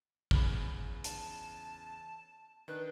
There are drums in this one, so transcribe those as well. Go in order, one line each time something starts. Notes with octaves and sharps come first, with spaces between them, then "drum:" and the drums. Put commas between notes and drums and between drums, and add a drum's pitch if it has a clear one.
E2 C#3 B5, drum: kick
A5, drum: hi-hat
D#3 D4 B4